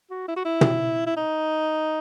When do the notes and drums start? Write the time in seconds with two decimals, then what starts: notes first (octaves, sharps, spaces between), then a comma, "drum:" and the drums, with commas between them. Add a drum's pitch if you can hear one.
0.11 F#4
0.28 E4
0.36 F#4
0.45 E4
0.61 drum: tom
1.07 E4
1.17 D#4